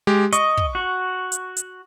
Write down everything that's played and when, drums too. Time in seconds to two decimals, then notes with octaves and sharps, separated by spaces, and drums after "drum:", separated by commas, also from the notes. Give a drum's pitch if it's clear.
0.07 G#3 G4
0.33 D#5 C#6, drum: hi-hat
0.57 drum: kick
0.75 F#4
1.32 drum: hi-hat
1.57 drum: hi-hat